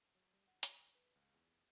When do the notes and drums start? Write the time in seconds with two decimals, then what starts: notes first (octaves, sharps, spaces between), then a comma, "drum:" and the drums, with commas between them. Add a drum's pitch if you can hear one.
0.15 F#3
0.33 G3
0.48 F#5
0.63 G#5, drum: hi-hat
0.79 C#7
0.95 B4
1.15 C#2
1.34 E2